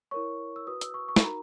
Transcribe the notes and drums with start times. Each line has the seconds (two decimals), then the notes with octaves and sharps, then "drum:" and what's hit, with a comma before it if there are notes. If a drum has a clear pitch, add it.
0.11 E4 A#4 C#5 C#6
0.56 E6
0.67 F#4 B4 D#6
0.81 E6, drum: hi-hat
0.94 C#6
1.09 C#6
1.16 B5, drum: snare
1.23 D#4 F#4 A#4 A#5